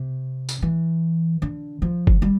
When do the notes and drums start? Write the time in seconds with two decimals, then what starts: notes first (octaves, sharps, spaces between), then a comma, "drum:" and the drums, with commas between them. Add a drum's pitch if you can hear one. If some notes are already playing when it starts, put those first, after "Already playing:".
Already playing: C3
0.49 drum: tambourine
0.62 E3
1.42 D3
1.82 F3
2.07 drum: kick F#1
2.22 G3